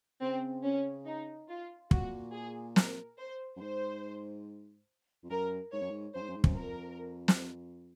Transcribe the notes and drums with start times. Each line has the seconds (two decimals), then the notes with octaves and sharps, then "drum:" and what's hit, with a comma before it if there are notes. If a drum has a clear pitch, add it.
0.22 C#3 C4
0.65 C#4
1.06 D#4
1.49 F4
1.91 A#2 F#4, drum: kick
2.34 G#4
2.76 A#4, drum: snare
3.18 C5
3.56 F#2
3.60 G#2 C5
5.24 F2
5.30 F#2 A#4
5.73 G#2 C#5
5.82 F#2
5.91 G#2
6.15 F#2 C5
6.22 G#2
6.29 F#2
6.37 G#2
6.44 F#2, drum: kick
6.57 F2 A#4
7.28 drum: snare